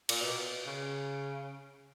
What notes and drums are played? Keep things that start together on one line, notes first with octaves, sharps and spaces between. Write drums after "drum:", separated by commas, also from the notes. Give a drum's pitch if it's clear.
A#2, drum: cymbal
B2
C#3